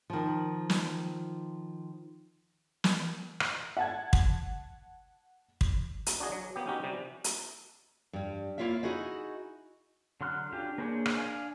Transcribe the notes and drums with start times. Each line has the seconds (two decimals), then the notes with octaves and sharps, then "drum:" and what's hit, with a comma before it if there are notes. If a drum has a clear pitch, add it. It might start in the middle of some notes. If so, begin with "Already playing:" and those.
0.10 D#3 F3
0.70 drum: snare
2.84 drum: snare
3.40 drum: rim click
3.77 F#5 A5 G#6
4.13 drum: kick
5.61 drum: kick
6.06 drum: hi-hat
6.20 D4 F#4 G#4 D#5
6.32 F#3
6.56 A#3 B3 G4
6.67 C#4 D#4 F#4 G4
6.83 C3 G3
7.24 drum: hi-hat
8.13 G2 G3
8.58 A#3 E4 F4 C#5 E5
8.83 D#4 E4 F#4 G#4 D#5
10.21 D3 F#3 C6 F6 F#6
10.52 C#4 D4 F4 G4
10.78 A#3 D4 G#4 C5 C#5
11.06 drum: rim click
11.17 D4 F5 G#5